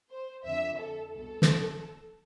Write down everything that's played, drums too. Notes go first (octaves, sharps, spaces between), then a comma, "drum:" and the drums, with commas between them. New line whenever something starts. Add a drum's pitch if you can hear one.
C5
F2 D3 F3 E5
A4
C2 B2 A4
drum: snare